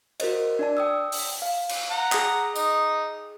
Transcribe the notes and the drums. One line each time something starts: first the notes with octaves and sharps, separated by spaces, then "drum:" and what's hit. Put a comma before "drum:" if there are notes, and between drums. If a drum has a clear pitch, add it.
F#4 A#4 C5 D#5, drum: cymbal
D4 D5 A5
G5 D#6 E6
drum: open hi-hat
F5
drum: cymbal
F#5 A#5
G#4 D#6, drum: clap
D#4, drum: tambourine